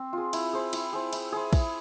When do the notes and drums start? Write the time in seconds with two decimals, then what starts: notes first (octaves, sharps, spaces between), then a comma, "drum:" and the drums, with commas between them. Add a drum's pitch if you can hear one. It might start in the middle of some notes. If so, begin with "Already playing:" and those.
Already playing: C4
0.13 F4 G#4
0.33 E4, drum: cymbal
0.53 G#4 C5
0.73 E4, drum: cymbal
0.93 G#4 C5
1.13 E4, drum: cymbal
1.32 G#4 C5
1.53 E4, drum: kick, cymbal